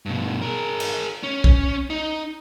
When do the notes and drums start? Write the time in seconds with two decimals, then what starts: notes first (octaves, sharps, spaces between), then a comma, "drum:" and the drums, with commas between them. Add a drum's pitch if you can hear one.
0.06 G2 B2
0.42 G#4 A#4
0.80 drum: cymbal
1.23 C#4
1.44 drum: kick B1
1.90 D#4